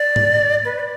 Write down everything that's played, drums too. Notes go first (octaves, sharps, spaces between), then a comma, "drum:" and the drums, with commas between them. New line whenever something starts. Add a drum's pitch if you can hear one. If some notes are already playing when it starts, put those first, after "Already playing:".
Already playing: D5
drum: tom G#2
B4
D5